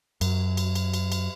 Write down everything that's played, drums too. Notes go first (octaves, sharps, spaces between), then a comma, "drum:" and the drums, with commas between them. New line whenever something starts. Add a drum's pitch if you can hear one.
F#2, drum: cymbal
drum: cymbal
drum: cymbal
drum: cymbal
drum: cymbal